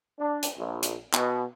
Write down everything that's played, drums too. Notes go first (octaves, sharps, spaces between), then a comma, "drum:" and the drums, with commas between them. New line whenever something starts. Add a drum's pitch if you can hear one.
D4
drum: hi-hat
A#1
drum: hi-hat
B2, drum: clap